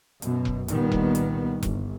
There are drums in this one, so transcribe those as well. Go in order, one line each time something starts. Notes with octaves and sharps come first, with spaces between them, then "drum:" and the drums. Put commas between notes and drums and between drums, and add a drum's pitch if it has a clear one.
F#2 B2, drum: hi-hat
drum: kick E1
C2 A#2 D#3 G3 B3, drum: hi-hat
drum: kick E1
drum: hi-hat
G1, drum: kick E1, hi-hat